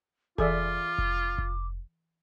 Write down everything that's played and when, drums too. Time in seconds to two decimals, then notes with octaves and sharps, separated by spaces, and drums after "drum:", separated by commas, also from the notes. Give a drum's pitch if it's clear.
0.38 E3 F4 G#4 A4 D5 E5 D6, drum: kick F1
0.98 drum: kick F1
1.38 drum: kick F1